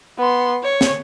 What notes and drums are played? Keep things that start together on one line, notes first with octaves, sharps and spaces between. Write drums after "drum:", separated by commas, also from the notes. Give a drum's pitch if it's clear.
B3 C6
C#5
drum: snare